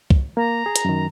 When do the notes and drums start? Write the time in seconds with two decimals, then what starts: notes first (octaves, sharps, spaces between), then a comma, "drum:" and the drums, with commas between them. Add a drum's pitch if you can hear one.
0.10 drum: kick
0.37 A#3 A#5
0.66 G#4
0.76 drum: hi-hat
0.85 F#2 D#3